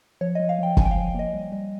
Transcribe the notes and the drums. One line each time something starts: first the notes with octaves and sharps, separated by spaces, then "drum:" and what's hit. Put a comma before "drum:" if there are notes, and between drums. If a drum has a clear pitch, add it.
F3 C#5
F3 D#5
F5
F3 G5
F3 G#5, drum: kick
G5
F3 F5
A#3 D#5
G3
G3